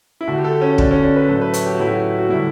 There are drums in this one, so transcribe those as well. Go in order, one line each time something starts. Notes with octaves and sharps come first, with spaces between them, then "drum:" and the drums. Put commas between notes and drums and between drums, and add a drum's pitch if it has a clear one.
E4
D3 A3 F#4
G4
A4
C#4
D3 A3 D4, drum: kick
C#4
D4
B4
A2 F#3 A3 A4
B4
C#5, drum: hi-hat
G4
F#4
A2 F#3 A3 E4
F#4
F#4
D3 G3 E4